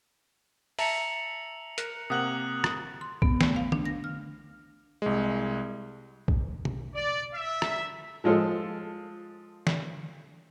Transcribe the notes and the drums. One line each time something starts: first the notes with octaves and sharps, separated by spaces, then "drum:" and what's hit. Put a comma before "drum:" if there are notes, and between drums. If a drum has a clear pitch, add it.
E5 A5 A#5 C#7 F7 F#7, drum: open hi-hat
A#4 F#6, drum: hi-hat
C3 A#3 F#5 D#6 F#6 F#7
drum: rim click
C6
B3, drum: kick
A3, drum: snare
F5
D4, drum: tom D3
A#6
F6
C2 G#3
drum: kick
drum: tom B2
D5
E5
drum: rim click
F3 G#3 F4 A4
drum: snare